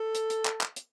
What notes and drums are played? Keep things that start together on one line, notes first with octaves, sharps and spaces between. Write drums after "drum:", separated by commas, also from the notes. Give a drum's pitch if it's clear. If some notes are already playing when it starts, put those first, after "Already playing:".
Already playing: A4
drum: hi-hat
drum: hi-hat
drum: clap
drum: clap
drum: hi-hat